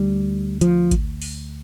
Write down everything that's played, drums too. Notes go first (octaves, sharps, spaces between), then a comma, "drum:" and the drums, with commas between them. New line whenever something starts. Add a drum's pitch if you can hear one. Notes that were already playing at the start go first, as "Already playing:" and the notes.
Already playing: D2 G3
F3, drum: hi-hat
drum: kick G#1, hi-hat
drum: open hi-hat